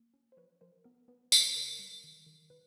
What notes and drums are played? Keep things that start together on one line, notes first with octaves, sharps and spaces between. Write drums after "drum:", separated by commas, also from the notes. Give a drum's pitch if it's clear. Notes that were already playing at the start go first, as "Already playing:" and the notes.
Already playing: A#3
C#4
C5
F3 B4 C#5
F3 A#4 C5
B3 A#4
B3 B4
B3 B4, drum: tambourine
C#3 A#4
G3 A#4
D#3
D#3
D#3 B4